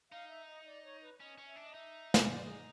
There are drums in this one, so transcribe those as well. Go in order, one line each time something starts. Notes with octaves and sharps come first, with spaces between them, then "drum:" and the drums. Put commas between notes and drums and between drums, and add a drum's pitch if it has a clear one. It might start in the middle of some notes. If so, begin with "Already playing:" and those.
D#4 F5
E5
D#5
D5
C#5
B4
C#4 D#5
C#4
E5
D4
D#5
D#4 E5
drum: snare
D5
G#4